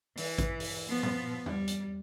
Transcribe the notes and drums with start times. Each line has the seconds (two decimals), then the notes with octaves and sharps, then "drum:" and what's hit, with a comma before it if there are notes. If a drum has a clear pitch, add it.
0.17 E3, drum: open hi-hat
0.38 drum: kick A1, hi-hat
0.60 drum: open hi-hat
0.89 F3 B3
1.03 drum: tom A#2
1.46 G3, drum: tom E2
1.68 drum: hi-hat